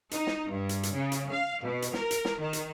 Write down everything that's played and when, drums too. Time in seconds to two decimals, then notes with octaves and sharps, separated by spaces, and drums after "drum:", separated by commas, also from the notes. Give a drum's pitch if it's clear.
0.11 D#4, drum: hi-hat
0.27 drum: snare
0.49 G2
0.69 drum: hi-hat
0.83 drum: hi-hat
0.93 C#3
1.12 drum: hi-hat
1.31 F5
1.63 B2
1.82 drum: hi-hat
1.94 A#4, drum: snare
2.11 drum: hi-hat
2.25 drum: snare
2.39 D#3
2.53 drum: hi-hat